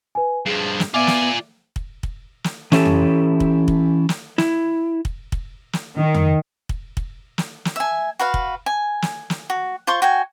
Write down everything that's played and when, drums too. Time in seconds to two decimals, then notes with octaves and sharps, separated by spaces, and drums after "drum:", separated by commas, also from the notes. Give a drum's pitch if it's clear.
0.15 B4 G#5
0.46 G2 F3 G#4 C7
0.80 drum: snare
0.94 B3 F4 D5 E5 G#5 D6
1.07 drum: snare
1.76 drum: kick
2.03 drum: kick
2.44 drum: snare
2.72 E3 C#4 E4 G4 A4, drum: snare
2.85 drum: tom F2
3.40 drum: kick
3.68 drum: kick
4.09 drum: snare
4.38 E4, drum: snare
5.05 drum: kick
5.32 drum: kick
5.73 drum: snare
5.96 D#3
6.15 drum: tom F2
6.69 drum: kick
6.97 drum: kick
7.38 drum: snare
7.65 drum: snare
7.76 E5 G#5
8.19 F#4 B4 F5
8.34 drum: kick
8.66 G#5
9.02 drum: snare
9.30 drum: snare
9.50 F#4
9.87 F4 C5 C6 C#6
10.02 F#4 G5 G#5